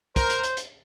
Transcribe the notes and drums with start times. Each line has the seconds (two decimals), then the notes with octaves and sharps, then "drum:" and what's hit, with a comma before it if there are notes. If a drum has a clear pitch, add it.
0.16 A#4 C5, drum: kick, hi-hat
0.30 drum: hi-hat
0.43 drum: hi-hat
0.57 drum: hi-hat